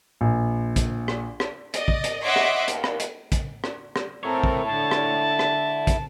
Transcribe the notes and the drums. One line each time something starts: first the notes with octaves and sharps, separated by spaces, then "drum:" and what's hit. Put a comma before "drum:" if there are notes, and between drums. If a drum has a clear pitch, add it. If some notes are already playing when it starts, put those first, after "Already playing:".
A#1
drum: kick, hi-hat
drum: rim click
drum: rim click
D5 D#5, drum: hi-hat
drum: kick
drum: hi-hat
C#5 D#5 E5 F#5 C6 D6
drum: rim click
D#2, drum: hi-hat
drum: rim click
drum: hi-hat
drum: kick, hi-hat
drum: rim click
drum: rim click
C4 E4 A4 A#4 C#5
drum: kick
D3 A5
drum: rim click
drum: rim click
drum: kick, hi-hat